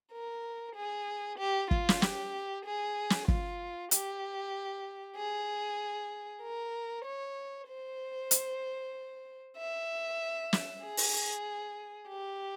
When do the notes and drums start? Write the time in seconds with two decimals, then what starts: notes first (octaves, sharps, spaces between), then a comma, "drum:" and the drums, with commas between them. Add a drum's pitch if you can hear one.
0.13 A#4
0.76 G#4
1.39 G4
1.71 F4, drum: kick
1.89 drum: snare
2.02 G4, drum: snare
2.65 G#4
3.10 drum: snare
3.28 F4, drum: kick
3.91 G4, drum: hi-hat
5.17 G#4
6.42 A#4
7.05 C#5
7.68 C5
8.31 drum: hi-hat
9.57 E5
10.53 drum: snare
10.82 G#4
10.97 drum: open hi-hat
12.09 G4